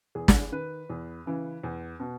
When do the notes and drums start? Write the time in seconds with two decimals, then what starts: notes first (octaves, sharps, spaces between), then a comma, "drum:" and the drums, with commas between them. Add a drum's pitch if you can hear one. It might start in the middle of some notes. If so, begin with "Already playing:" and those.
0.15 E2 G#4
0.28 drum: snare
0.52 D#3 B4
0.90 E2
1.26 C#3 E3
1.63 E2
2.00 B2